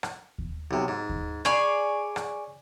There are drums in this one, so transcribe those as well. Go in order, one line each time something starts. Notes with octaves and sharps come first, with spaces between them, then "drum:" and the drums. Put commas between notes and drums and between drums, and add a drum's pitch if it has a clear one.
drum: rim click
drum: kick D#2
B1 C3
G#2
drum: kick D#2
G#4 C#5 D5 G#5 B5, drum: rim click
drum: rim click